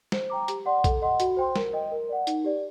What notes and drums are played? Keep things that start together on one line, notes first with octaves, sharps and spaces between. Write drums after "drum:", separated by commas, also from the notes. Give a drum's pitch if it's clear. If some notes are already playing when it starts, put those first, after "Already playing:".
C5, drum: snare
G5 A#5 D6
G4, drum: hi-hat
D5 F#5 C6
A4, drum: kick B1, hi-hat
D#5 F#5 C6
F#4, drum: hi-hat
C5 G5 C6
A#4, drum: snare
D#5 G5
A#4
D5 F#5
D#4, drum: hi-hat
G4 D5